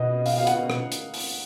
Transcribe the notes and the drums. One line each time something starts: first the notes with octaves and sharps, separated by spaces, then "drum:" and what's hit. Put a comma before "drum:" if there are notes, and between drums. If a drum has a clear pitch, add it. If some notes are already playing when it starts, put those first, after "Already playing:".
Already playing: B2 D#5
F5, drum: open hi-hat
F5
F#5, drum: hi-hat
drum: rim click
drum: hi-hat
drum: open hi-hat